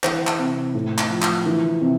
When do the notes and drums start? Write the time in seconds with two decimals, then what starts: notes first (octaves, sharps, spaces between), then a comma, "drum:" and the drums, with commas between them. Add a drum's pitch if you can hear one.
0.04 E3 C5, drum: clap
0.27 drum: clap
0.39 C3
0.75 A2
0.98 drum: clap
1.10 F3
1.22 drum: clap
1.46 E3
1.81 C3